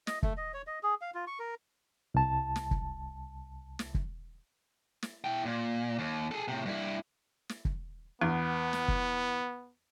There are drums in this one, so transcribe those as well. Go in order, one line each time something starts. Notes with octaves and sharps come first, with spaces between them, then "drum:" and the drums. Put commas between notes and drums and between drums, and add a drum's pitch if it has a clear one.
D#5, drum: snare
A3, drum: kick
D#5
C#5
D#5
G#4
F5
F4
C#6
A#4
C2 A5
drum: snare
drum: kick
drum: snare
drum: kick
drum: snare
E4 G5
A#2
D#2
G#4 A4
A2 C3
G2 E4
drum: snare
drum: kick
E2 B3
drum: snare
drum: kick